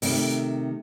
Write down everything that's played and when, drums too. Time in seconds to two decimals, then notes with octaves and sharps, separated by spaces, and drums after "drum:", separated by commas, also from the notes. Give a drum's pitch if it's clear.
0.02 C3 D#3 A3, drum: open hi-hat